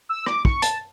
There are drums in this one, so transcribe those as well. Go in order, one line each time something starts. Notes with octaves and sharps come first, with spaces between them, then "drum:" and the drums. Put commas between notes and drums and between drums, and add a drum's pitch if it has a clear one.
E6
D6, drum: rim click
C#6, drum: kick
A5, drum: hi-hat